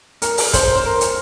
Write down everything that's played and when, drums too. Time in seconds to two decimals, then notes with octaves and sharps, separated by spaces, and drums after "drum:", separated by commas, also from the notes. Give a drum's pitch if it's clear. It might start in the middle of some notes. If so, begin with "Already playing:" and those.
0.22 A#4, drum: hi-hat
0.38 drum: open hi-hat
0.54 C5, drum: kick, hi-hat
0.76 C5
0.85 A#4
1.01 drum: hi-hat